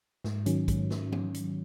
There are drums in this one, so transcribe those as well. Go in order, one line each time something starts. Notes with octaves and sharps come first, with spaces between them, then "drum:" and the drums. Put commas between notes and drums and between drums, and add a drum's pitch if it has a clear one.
G#2, drum: snare
D#3 F#3 C#4, drum: hi-hat
G#2, drum: kick, hi-hat
drum: snare
drum: tom
drum: hi-hat